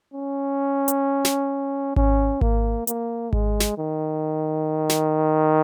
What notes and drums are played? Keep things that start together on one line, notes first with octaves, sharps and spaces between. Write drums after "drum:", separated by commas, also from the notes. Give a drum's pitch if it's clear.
C#4
drum: hi-hat
drum: snare
C#4, drum: kick G#1
A#3, drum: kick G#1
A#3, drum: hi-hat
G#3, drum: kick G#1
drum: snare
D#3
drum: snare